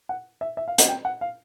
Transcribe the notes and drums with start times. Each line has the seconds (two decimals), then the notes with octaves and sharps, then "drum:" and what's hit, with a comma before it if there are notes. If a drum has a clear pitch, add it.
0.09 F#5
0.41 E5
0.57 E5
0.68 F5
0.78 F#5, drum: hi-hat
0.88 G5
1.05 F#5
1.21 F5